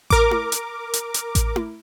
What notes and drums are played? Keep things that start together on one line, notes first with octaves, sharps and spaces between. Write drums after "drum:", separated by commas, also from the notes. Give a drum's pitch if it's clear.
A#4 D6, drum: kick A1
drum: tom E4
drum: hi-hat
drum: hi-hat
drum: hi-hat
drum: kick A1, hi-hat
drum: tom E4